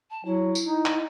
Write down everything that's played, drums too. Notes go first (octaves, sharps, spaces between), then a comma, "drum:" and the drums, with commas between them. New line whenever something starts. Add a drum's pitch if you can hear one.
A5
F#3 E4
drum: tambourine
D#4
drum: clap